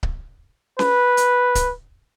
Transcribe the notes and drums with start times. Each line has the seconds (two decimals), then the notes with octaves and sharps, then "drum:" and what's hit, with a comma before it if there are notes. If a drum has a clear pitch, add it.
0.03 drum: kick C#1
0.79 B4, drum: snare C#4
1.17 drum: hi-hat
1.55 drum: kick C#1, hi-hat